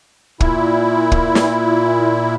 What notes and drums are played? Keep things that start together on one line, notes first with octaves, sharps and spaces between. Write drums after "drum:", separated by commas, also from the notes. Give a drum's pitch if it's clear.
A#2 E4, drum: kick
drum: kick
drum: snare